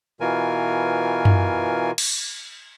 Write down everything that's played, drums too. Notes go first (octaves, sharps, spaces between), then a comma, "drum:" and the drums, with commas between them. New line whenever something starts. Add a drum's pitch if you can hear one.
B2 E3 F4 A#4 G#5
drum: tom F#2
drum: cymbal